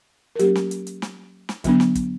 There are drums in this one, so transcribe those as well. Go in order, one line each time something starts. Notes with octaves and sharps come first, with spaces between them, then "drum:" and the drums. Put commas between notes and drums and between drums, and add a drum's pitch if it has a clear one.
A#4
F#3 A#3 C#4 G4, drum: hi-hat
drum: snare
drum: hi-hat
drum: hi-hat
drum: snare
drum: snare
D3 F#3 B3 D4, drum: kick, hi-hat
drum: snare
drum: kick, hi-hat